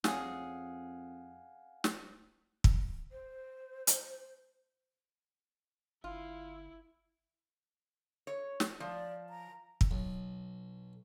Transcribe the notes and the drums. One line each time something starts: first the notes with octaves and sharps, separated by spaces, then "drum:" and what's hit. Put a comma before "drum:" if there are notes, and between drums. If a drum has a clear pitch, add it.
F2 C#4 G#4 F5 F#5 G#5, drum: snare
drum: snare
drum: kick
C5
drum: hi-hat
G1 E4 F4
C#5
drum: snare
F3 D5
A#5
drum: kick
B1